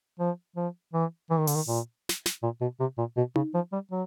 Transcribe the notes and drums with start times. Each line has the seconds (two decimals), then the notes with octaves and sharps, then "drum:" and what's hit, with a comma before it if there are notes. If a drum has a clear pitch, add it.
0.19 F3
0.56 F3
0.93 E3
1.30 E3
1.39 D#3
1.47 D3, drum: open hi-hat
1.55 D#3
1.68 A#2
2.09 drum: snare
2.26 drum: snare
2.43 A#2
2.61 B2
2.80 C3
2.98 A#2
3.17 B2
3.36 C#3, drum: tom D#4
3.54 F3
3.73 G3
3.91 F#3